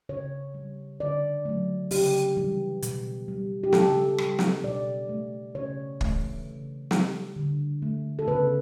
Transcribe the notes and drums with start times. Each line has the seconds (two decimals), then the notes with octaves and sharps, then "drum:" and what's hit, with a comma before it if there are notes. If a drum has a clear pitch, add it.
0.09 C#3 C#5
0.54 G3
1.00 D3 D5
1.45 F#3 A3
1.91 C#3 G4, drum: open hi-hat
2.37 E3 G3
2.82 B2, drum: hi-hat
3.28 G3
3.63 G4
3.73 C#3 A4, drum: snare
4.18 G3, drum: rim click
4.39 drum: snare
4.64 B2 D5
5.09 A3
5.55 C#3 C#5
6.01 E3 A3, drum: kick
6.46 C#3
6.91 G3, drum: snare
7.36 D3
7.82 A3
8.19 A4
8.28 C#3 B4